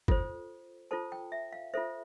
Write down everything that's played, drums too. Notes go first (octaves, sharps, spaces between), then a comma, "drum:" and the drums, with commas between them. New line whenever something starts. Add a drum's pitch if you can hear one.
F4 A4 C5, drum: kick
F4 A4 C5 A5
G5
E5
F5
F4 A4 C5 E5